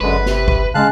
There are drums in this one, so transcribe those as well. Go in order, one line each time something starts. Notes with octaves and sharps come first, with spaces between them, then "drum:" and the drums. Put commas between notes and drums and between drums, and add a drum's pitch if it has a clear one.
G1 F#2 D3 G#3 B4
C3, drum: snare
drum: kick
C#3 G#3 C#4 F5 A5 F#6